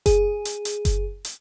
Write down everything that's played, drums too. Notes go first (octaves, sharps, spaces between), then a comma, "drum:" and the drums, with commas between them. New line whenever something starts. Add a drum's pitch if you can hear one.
G#4, drum: kick F#1, hi-hat
drum: hi-hat
drum: hi-hat
drum: kick F#1, hi-hat
drum: hi-hat